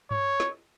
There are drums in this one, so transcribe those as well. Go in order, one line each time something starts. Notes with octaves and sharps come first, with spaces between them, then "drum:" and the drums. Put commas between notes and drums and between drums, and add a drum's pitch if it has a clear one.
C#5, drum: tom G2
drum: snare